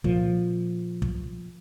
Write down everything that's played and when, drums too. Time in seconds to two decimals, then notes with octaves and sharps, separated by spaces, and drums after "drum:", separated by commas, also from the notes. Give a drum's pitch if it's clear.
0.04 A#2 F3, drum: kick
1.02 drum: kick